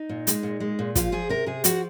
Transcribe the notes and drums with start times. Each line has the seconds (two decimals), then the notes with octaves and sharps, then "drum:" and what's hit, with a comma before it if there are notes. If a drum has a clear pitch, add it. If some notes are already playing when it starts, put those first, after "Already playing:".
Already playing: D#4
0.09 A#2
0.27 G#3, drum: hi-hat
0.43 A#2
0.60 G#3
0.79 A#2
0.95 F3 F4, drum: kick, hi-hat
1.12 F3 G#4
1.29 C3 A#4
1.46 C3 G#4
1.64 F3 F#4, drum: hi-hat